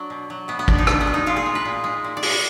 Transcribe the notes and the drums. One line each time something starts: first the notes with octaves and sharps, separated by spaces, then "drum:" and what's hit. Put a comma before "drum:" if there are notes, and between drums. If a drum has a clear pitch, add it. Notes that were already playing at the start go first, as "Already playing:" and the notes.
Already playing: F#3 D4
B2
F#3
B2 B3
B3
G#3 D4, drum: kick
D#4
B2 D4, drum: rim click
B3
G#3
D#4
A#2 F4
G#4
G#3
B4
A#2
G#3
A#2
D5
G#3, drum: open hi-hat
B4